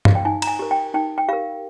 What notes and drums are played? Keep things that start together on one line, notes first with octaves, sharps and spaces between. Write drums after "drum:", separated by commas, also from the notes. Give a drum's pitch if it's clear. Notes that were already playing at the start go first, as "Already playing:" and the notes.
F5, drum: tom G2
G5
D#4 G#5
A#5, drum: cymbal
G#5
G4 A#4
G5
D#4 G5
G5
G4 A#4 F5